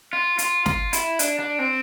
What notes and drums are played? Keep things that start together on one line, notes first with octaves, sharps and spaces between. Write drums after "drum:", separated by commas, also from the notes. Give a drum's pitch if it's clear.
F4
F4, drum: hi-hat
F4, drum: snare
E4, drum: hi-hat
D4, drum: hi-hat
D4
C4